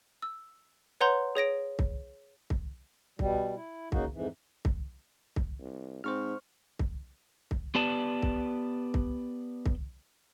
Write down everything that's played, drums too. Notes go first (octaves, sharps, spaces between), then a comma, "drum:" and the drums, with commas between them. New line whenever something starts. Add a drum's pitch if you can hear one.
E6
B4 C#5 F#5 A#5 C6 G6
G#4 C#5 A#6 D7
drum: kick
drum: kick
B2 G3, drum: kick
E4
C#3 A#3 D#4 F#4, drum: kick
F2 G#2 E3
drum: kick
drum: kick
C2
G#2 C4 C5 C#6 F6
drum: kick
drum: kick
B3 G4 B4 D5 A5
drum: kick
drum: kick
drum: kick